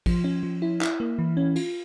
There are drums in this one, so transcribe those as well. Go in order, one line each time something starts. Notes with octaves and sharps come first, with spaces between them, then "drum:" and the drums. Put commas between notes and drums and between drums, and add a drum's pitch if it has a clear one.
F3, drum: kick, cymbal
C#4
F3
E4
E4, drum: clap
A#3
E3
C#4
F4, drum: cymbal